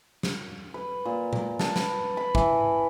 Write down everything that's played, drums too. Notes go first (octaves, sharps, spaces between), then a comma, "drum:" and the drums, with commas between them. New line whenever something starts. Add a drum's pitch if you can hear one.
drum: snare
B4
A#2
drum: tom A#2
A5, drum: snare
B4, drum: snare
B5
E3, drum: kick